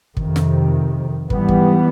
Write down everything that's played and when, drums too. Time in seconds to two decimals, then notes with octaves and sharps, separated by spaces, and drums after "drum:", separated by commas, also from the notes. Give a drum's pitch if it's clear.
0.17 F2 C3 D#3, drum: kick
0.36 drum: snare
1.30 G#2 E3 G3 B3, drum: kick
1.48 drum: kick